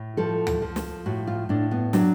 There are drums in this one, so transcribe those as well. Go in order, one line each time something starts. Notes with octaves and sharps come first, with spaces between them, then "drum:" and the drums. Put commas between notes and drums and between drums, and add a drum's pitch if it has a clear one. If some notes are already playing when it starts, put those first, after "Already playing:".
Already playing: A2
F3 A4
drum: tom D2
F3
drum: snare
A2 F#4
F4
A2 D4
B3
F#3 D4, drum: snare